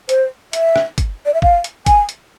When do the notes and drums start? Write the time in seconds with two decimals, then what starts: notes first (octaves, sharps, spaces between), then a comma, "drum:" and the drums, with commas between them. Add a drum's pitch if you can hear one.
0.09 C5, drum: hi-hat
0.53 E5, drum: hi-hat
0.76 drum: rim click
0.98 drum: kick, hi-hat
1.26 D5
1.34 E5
1.42 F5, drum: kick
1.64 drum: hi-hat
1.86 G#5, drum: kick, hi-hat
2.09 drum: hi-hat